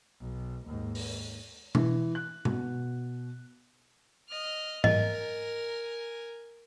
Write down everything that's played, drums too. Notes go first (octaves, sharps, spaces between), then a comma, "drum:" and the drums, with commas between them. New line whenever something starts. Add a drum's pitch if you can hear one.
B1
D#2 G#2
drum: open hi-hat
E3, drum: tom B2
F#6
B2, drum: tom B2
D#5 F6
A#4 D#5 G#5, drum: tom G#2